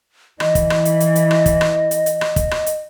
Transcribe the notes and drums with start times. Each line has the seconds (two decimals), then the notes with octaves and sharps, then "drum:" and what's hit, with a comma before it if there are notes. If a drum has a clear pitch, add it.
0.40 E3 D#5, drum: rim click
0.55 drum: kick, hi-hat
0.70 drum: rim click
0.85 drum: hi-hat
1.00 drum: hi-hat
1.15 drum: hi-hat
1.31 drum: rim click
1.46 drum: kick, hi-hat
1.61 drum: rim click
1.91 drum: hi-hat
2.06 drum: hi-hat
2.21 drum: rim click
2.36 drum: kick, hi-hat
2.51 drum: rim click
2.66 drum: hi-hat